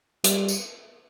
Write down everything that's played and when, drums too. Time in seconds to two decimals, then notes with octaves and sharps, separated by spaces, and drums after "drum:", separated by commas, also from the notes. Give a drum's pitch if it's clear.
0.24 G3, drum: hi-hat
0.48 drum: tambourine